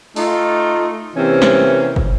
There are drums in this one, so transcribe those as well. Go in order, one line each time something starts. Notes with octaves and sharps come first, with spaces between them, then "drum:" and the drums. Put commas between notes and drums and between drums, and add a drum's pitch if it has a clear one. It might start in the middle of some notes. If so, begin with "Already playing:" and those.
A3 D#4 F4, drum: open hi-hat
C3 E3 A#3 C4 C#4
drum: snare
drum: kick